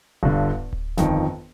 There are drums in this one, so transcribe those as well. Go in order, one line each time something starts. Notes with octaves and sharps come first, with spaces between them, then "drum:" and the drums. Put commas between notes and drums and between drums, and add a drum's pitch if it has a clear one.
G1 G2 D3, drum: kick D1
drum: kick D1
G1 F2 D#3, drum: snare